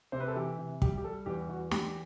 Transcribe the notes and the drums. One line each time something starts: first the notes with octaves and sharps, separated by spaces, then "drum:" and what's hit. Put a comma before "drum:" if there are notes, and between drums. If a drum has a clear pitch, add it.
C3 C5
B4
A4
E3 G4
C3
G3 G4, drum: kick
G4
G3 A4
E2 G4
E2 F#4
E2 G4, drum: snare